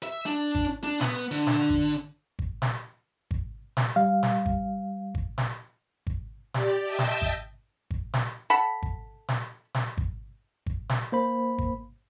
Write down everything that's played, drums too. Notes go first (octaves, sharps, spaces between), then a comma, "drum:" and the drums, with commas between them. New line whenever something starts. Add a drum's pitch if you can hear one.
E5
D4
drum: kick G#1
D4
B3, drum: snare
D3
drum: snare
drum: kick G#1
drum: kick G#1
drum: snare
drum: kick G#1
drum: snare
G3 F5
drum: snare
drum: kick G#1
drum: kick G#1
drum: snare
drum: kick G#1
G4 D5, drum: snare
D#5 E5 G5 A5 E6
drum: snare
drum: kick G#1
drum: kick G#1
drum: snare
A4 F#5 A5 B5
drum: kick G#1
drum: snare
drum: snare
drum: kick G#1
drum: kick G#1
drum: snare
A#3 C5 B5
drum: kick G#1